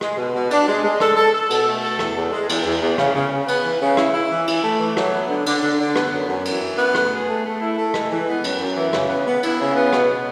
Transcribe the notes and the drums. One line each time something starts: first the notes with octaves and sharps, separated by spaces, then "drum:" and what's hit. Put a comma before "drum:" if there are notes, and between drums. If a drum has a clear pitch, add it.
G#3, drum: rim click
B2
B2
D4, drum: cymbal
G#3
G#3
A4, drum: rim click
A4
A4
B2, drum: cymbal
A3
A4
E2, drum: rim click
E2
G#3
E2, drum: cymbal
E2
E2
C#3, drum: rim click
C#3
C#3
B3, drum: cymbal
E3
C#3
E4, drum: rim click
E4
E3
E4, drum: cymbal
A3
E3
F#3, drum: rim click
B3
D3
D3, drum: cymbal
D3
D3
B3, drum: rim click
F#2
F#2
E3, drum: cymbal
F#2
B3
A3, drum: rim click
G#4
A3
A3
E4
A3
G#3, drum: rim click
E3
B3
F#2, drum: cymbal
F#2
E3
C#3, drum: rim click
B3
B3
E4, drum: cymbal
C#3
B3
B2, drum: rim click